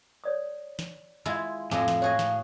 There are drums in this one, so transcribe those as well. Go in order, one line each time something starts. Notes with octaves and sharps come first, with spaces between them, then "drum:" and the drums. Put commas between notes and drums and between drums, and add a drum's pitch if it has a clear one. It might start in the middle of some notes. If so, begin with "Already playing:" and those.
C#5 D5 D#6
drum: snare
G#3 E4 F4
F2 A2 G#3 D#5 F5 G#5 D6, drum: snare
drum: snare
F#4 G#4 C#5 D#5
drum: snare